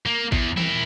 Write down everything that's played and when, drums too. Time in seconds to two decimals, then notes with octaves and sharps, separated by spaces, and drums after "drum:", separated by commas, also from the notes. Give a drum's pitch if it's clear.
0.06 A#3
0.32 E2, drum: kick G#1
0.57 E4 A#4, drum: tom E3